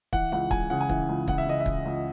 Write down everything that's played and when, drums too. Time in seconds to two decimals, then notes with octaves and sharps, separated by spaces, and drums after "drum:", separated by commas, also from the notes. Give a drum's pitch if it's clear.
0.13 E3 F#5, drum: kick
0.32 C#2 F#5
0.51 C#2 G#5, drum: kick
0.70 C#3 F#5
0.81 G#5
0.89 E3 F#5, drum: kick
1.09 C#2
1.28 C#2 F#5, drum: kick
1.38 E5
1.47 C#3 D#5
1.60 E5
1.66 E3, drum: kick
1.85 C#2